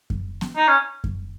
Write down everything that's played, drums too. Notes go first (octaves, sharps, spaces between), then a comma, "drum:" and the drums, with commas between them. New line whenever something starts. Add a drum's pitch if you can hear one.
drum: kick F#2
drum: snare B3
D#4
C#4
drum: kick F#2